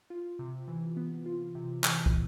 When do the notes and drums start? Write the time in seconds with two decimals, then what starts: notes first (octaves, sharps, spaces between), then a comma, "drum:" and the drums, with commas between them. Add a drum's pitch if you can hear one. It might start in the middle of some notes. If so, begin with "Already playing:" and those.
0.10 F4
0.39 C3
0.68 E3
0.97 B3
1.26 F4
1.55 C3
1.84 E3, drum: clap
2.06 drum: kick